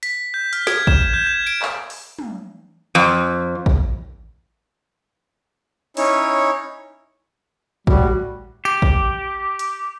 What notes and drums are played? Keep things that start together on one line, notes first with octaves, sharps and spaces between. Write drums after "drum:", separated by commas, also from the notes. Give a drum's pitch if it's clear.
B6, drum: hi-hat
G6
F6, drum: hi-hat
G#6, drum: snare
E7, drum: kick
G6
G#6
D7, drum: tambourine
drum: clap
drum: open hi-hat
drum: tom
F2
drum: kick
C#4 D#4 E4 C#5, drum: open hi-hat
A2 G3 F#4, drum: kick
G4, drum: tambourine
drum: kick
drum: hi-hat